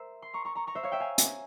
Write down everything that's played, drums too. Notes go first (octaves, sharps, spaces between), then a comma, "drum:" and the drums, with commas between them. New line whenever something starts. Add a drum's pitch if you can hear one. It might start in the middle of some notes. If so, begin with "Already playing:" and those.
Already playing: A#4 C5 E5
C6
A#5 C#6
A#5 C#6
A#5 C#6
A#5 C#6
C5 E5
C#5 F5
E5 G5
F5 G#5
drum: hi-hat